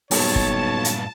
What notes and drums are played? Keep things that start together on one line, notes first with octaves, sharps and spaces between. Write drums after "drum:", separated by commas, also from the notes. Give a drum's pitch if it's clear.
B1 G2 A#2 C#5 A5, drum: open hi-hat
drum: kick
drum: hi-hat